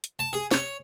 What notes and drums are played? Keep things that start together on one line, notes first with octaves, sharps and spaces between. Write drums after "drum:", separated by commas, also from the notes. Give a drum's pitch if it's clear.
drum: hi-hat
A5
G#4
C#5, drum: snare